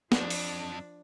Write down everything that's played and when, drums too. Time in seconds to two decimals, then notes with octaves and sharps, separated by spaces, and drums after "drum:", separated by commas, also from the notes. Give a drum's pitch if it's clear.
0.12 F2 F3 D4, drum: snare
0.30 drum: open hi-hat